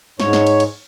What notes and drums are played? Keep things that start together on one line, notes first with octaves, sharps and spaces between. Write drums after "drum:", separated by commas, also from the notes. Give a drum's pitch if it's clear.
G#2 C#5, drum: snare
drum: snare
drum: cymbal
drum: cymbal